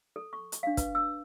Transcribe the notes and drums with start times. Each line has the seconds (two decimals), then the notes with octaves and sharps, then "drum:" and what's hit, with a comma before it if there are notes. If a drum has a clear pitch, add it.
0.16 A4
0.33 C#6
0.52 drum: hi-hat
0.63 D4 F5
0.77 B4, drum: kick, hi-hat
0.95 E6